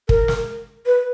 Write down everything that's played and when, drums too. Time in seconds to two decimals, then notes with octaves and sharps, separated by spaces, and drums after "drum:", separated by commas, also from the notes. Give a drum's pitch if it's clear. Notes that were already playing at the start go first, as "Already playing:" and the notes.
0.09 A#4, drum: kick
0.28 drum: snare
0.86 B4